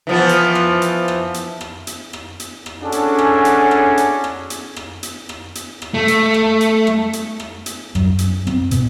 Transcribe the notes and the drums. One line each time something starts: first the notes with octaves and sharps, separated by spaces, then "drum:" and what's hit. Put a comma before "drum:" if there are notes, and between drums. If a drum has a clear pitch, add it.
E3 F3 B3
drum: hi-hat
drum: rim click
drum: hi-hat
drum: rim click
drum: hi-hat
drum: rim click
drum: hi-hat
drum: rim click
drum: hi-hat
drum: rim click
C#4 D4 E4 F#4 G#4 A4
drum: hi-hat
drum: rim click
drum: hi-hat
drum: rim click
drum: hi-hat
drum: rim click
drum: hi-hat
drum: rim click
drum: hi-hat
drum: rim click
drum: hi-hat
drum: rim click
A3
drum: hi-hat
drum: rim click
drum: hi-hat
drum: rim click
drum: hi-hat
drum: rim click
drum: hi-hat
F#2, drum: rim click
drum: hi-hat
C4, drum: rim click
B2, drum: hi-hat